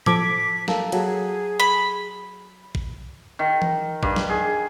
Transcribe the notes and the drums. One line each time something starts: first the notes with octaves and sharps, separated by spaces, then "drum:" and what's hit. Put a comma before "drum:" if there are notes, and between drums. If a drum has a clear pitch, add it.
F3 A4 D6 G#6 B6, drum: tom A2
A#3 A4, drum: snare
F#3 G#4 A4, drum: cymbal
B5
drum: kick A1
D#3
drum: tom E3
G2, drum: kick A1
drum: snare
G#4